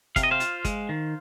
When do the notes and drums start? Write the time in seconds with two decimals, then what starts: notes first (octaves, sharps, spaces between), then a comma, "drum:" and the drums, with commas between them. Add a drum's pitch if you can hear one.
0.16 C3 F5, drum: kick, hi-hat
0.23 D#5
0.31 C5 F5
0.40 F4, drum: hi-hat
0.64 G#3, drum: kick, hi-hat
0.89 D#3